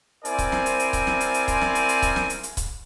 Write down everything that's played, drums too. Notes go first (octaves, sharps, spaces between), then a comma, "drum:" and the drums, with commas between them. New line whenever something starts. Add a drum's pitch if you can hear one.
C4 E4 A#4 C5 D5 G#5, drum: hi-hat
drum: kick C#1, hi-hat
drum: snare
drum: hi-hat
drum: hi-hat
drum: kick C#1, hi-hat
drum: snare
drum: hi-hat
drum: hi-hat
drum: kick C#1, hi-hat
drum: snare
drum: hi-hat
drum: hi-hat
drum: kick C#1, hi-hat
drum: snare
drum: hi-hat
drum: hi-hat
drum: kick C#1, hi-hat